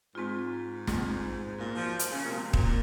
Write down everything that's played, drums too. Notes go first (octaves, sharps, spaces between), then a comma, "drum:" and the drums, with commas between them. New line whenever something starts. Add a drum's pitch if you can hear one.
G#2 G#3 C4 F4
G#3 C4 F4, drum: snare
A#2 G#3 C4 F#4 A#4
F3
drum: hi-hat
C#3
A#2
C3 G#3 C4 F#4 A#4
A#2, drum: kick